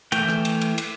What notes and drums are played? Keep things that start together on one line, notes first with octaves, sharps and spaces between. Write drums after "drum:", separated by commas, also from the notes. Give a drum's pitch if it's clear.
E3 A3 G5 G6, drum: cymbal
drum: rim click
drum: cymbal
drum: cymbal
drum: cymbal